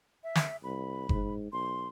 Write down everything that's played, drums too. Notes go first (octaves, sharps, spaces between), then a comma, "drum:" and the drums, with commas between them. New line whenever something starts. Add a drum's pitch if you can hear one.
E5
drum: snare
C2 B5
G#2, drum: kick F#1
B1 C6